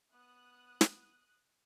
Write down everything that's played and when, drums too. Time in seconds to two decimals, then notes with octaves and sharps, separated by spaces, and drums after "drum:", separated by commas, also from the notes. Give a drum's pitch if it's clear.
0.14 B3 D#6 F#6
0.81 drum: snare